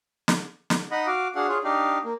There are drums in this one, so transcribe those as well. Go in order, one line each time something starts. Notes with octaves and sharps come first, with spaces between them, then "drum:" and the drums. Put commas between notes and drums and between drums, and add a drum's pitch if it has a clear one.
drum: snare
drum: snare
D#4 D#5 F#5 B5
F#4 F5 D6
D4 F#4 G#4 F5 F#5
F4 G#4 C#5
D4 D#4 G4 F5
A#3